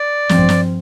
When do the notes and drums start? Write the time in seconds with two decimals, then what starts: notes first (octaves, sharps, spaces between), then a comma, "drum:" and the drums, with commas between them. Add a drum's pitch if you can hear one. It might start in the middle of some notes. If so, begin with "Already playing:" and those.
Already playing: D5
0.29 G2 F3 C4, drum: snare
0.49 drum: snare